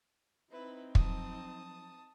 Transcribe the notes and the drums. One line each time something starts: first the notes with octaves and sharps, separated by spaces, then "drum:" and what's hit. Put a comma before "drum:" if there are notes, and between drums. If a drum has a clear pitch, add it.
C4 D#4 E4 B4
F3 F#3 A5 D#6, drum: kick